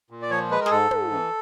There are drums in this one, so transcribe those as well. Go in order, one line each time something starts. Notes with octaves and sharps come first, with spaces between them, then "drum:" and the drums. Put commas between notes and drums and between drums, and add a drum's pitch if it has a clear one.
A#2
D5
F3 C#5
G#3 B4
A#4
G#4, drum: snare
G#2 A4
G#2, drum: tom
E3